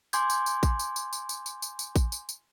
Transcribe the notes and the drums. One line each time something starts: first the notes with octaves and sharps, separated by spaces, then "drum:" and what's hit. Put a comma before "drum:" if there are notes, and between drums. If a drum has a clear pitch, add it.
G#5 C6 D6 G6 G#6, drum: tambourine
drum: tambourine
drum: tambourine
drum: kick A1, tambourine
drum: tambourine
drum: tambourine
drum: tambourine
drum: tambourine
drum: tambourine
drum: tambourine
drum: tambourine
drum: kick A1, tambourine
drum: tambourine
drum: tambourine